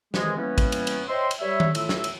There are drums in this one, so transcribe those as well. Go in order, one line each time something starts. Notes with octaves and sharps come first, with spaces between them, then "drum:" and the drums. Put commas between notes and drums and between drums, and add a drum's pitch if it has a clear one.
C3 D#3 E3 G#3, drum: snare
E3 G3 A#3 B3 C#4
drum: kick, cymbal
drum: cymbal
drum: cymbal
C5 C#5 D#5 E5 G5 C6
drum: cymbal
G3 C#5 E5
drum: tom D#3
A2 F4 E5 E6, drum: cymbal
drum: snare
drum: cymbal